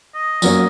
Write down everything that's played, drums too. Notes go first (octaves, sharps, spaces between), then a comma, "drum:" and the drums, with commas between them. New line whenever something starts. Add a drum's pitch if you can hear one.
D#5
F#2 F#3 A#3 C#4, drum: tambourine